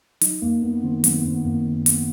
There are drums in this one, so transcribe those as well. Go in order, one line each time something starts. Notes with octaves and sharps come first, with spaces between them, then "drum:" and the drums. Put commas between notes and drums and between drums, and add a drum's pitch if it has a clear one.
F#3 D#4, drum: hi-hat
F#2 A#3
F#2 B3
D#3 C4
F#3 B3, drum: hi-hat
C4
B3
F#2 C4
B3
F#2 A#3
D#3
F#3 B3, drum: hi-hat